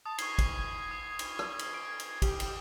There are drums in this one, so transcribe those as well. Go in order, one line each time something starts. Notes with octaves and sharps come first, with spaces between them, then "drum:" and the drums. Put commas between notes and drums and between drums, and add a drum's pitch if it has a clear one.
A5 D#6
C#6 G#6 C7, drum: cymbal
drum: kick, cymbal
D#6
drum: cymbal
drum: rim click
drum: cymbal
D7
drum: cymbal
G4, drum: kick, cymbal
drum: cymbal